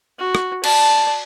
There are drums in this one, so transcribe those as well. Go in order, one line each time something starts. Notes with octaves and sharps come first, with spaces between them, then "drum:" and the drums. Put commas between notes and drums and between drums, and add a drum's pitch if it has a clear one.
F#4
drum: rim click
D5 A5, drum: cymbal